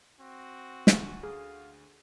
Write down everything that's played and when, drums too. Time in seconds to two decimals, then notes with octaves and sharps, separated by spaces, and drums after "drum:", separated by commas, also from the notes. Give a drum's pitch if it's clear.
0.20 C4 F#4
0.87 D2, drum: snare
1.23 G#4 F5